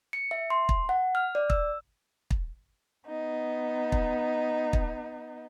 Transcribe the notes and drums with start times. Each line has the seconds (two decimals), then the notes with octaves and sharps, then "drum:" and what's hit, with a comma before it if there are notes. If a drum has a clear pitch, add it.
0.13 C#7
0.31 E5
0.50 C6
0.69 drum: kick
0.89 F#5
1.15 F6
1.35 D5
1.50 E6, drum: kick
2.31 drum: kick
3.05 B3 D#4
3.92 drum: kick
4.73 drum: kick